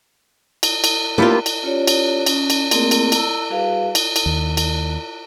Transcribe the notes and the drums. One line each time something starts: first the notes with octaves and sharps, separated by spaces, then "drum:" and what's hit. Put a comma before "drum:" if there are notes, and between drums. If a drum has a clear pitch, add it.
drum: cymbal
drum: cymbal
A#3 B3 D4 E4 F4 G4
drum: cymbal
C#4 F4 G4 C#5 D5
drum: cymbal
C#4, drum: cymbal
drum: cymbal
A3 A#3 C4 G#4 A#4, drum: cymbal
drum: cymbal
A5 A#5 E6, drum: cymbal
G3 F#4 G#4 B4 F5
drum: cymbal
drum: cymbal
D#2
drum: cymbal